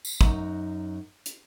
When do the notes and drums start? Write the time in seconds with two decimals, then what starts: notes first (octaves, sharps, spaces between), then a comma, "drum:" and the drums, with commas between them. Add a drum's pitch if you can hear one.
0.05 drum: tambourine
0.21 F#2 D#4, drum: kick
1.26 drum: hi-hat